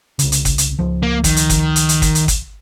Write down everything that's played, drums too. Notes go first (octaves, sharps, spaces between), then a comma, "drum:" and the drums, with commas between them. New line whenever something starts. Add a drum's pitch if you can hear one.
C2 C#3, drum: hi-hat
drum: hi-hat
drum: kick, hi-hat
drum: hi-hat
C#2 F3
A#3
D#3, drum: kick, hi-hat
drum: hi-hat
drum: kick, hi-hat
drum: hi-hat
drum: hi-hat
drum: kick, hi-hat
drum: hi-hat
drum: kick, hi-hat